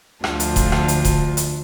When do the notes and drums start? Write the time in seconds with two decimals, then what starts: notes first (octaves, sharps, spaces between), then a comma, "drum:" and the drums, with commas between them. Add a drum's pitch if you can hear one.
0.24 D2 D3 F3 D4 F4, drum: rim click
0.40 drum: hi-hat
0.56 drum: kick D#1, hi-hat
0.72 drum: rim click
0.88 drum: hi-hat
1.05 drum: kick D#1, hi-hat
1.37 drum: hi-hat